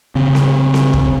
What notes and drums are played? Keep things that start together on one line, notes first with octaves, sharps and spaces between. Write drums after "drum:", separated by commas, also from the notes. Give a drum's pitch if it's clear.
C#3 C4
drum: snare C4
drum: snare C4
drum: kick